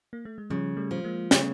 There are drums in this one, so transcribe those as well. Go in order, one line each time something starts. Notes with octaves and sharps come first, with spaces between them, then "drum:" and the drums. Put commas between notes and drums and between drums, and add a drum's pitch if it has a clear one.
A#3
A3
G#3
C#3 F3 G3
G3 A3
F3
G#3 A#3
C#3 A3 B3, drum: snare